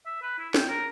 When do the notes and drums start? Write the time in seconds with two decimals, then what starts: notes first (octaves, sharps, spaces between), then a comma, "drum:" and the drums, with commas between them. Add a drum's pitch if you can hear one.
0.06 E5
0.22 B4
0.39 E4
0.54 G5, drum: snare
0.69 A#4